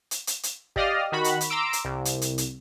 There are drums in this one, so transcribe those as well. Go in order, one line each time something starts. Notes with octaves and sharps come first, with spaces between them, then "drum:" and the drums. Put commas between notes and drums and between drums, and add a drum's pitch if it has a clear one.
drum: hi-hat
drum: hi-hat
drum: hi-hat
G4 D5 D#5 F5 D#6 F6, drum: kick
D#3 F#4 B5
drum: hi-hat
drum: hi-hat
A#5 C6 D6 E6 D7
drum: hi-hat
C2
drum: hi-hat
drum: hi-hat
drum: hi-hat